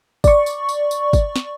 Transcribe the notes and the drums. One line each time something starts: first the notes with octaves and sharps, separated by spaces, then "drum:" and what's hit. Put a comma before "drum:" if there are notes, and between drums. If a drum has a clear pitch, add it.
D5 C#6, drum: kick, tambourine
drum: tambourine
drum: tambourine
drum: tambourine
drum: kick, tambourine
drum: snare